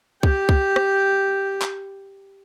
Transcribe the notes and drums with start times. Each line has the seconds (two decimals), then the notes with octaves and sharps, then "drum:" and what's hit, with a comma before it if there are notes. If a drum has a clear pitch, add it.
0.23 G4 G5, drum: kick C2
0.49 drum: kick C2
0.76 drum: rim click
1.62 drum: clap